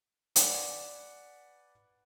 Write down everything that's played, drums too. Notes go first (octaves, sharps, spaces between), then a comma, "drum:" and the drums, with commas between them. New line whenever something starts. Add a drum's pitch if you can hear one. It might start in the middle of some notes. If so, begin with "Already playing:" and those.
B4 D5 F#5 G#5, drum: hi-hat